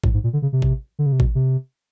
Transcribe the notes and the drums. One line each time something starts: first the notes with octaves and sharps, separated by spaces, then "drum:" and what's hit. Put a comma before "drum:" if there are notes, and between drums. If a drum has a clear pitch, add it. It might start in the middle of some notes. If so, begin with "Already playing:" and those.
A2, drum: kick A1
G#2
A#2
D3
C#3
C3
drum: kick A1
D3
C#3
C3
B2, drum: kick A1
C3